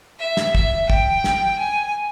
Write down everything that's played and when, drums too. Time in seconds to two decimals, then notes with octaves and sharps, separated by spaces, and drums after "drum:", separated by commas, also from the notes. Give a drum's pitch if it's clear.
0.19 E5
0.37 drum: snare
0.55 E5, drum: kick
0.90 G5, drum: kick
1.24 drum: snare
1.59 G#5